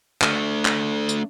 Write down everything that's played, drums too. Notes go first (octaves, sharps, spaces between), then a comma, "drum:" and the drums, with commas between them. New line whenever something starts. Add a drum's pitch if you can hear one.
A3 D4, drum: clap
drum: clap
drum: tambourine